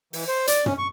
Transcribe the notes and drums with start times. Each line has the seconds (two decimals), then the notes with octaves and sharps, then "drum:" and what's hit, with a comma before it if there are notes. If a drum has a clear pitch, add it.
0.13 E3, drum: open hi-hat
0.28 C5
0.47 D5, drum: hi-hat
0.66 C#4, drum: tom
0.78 C#6